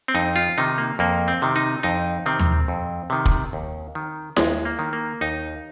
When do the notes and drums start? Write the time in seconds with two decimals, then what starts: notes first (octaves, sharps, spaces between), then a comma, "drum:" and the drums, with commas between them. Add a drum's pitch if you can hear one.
0.08 C4
0.15 F2 D#4
0.36 F4
0.58 C3 D#3 D#4
0.78 A#3
0.99 F2 A#3
1.28 C4
1.42 C3 D#3
1.56 D#4
1.83 F2 D#4
2.26 C3 D#3 C4
2.39 drum: tom D#2
2.68 F2
3.10 C3 D#3
3.25 drum: kick
3.53 D#2
3.95 D#3
4.36 D#2 G#3, drum: snare E4
4.65 A#3
4.79 D#3
4.93 A#3
5.21 D#2 D#4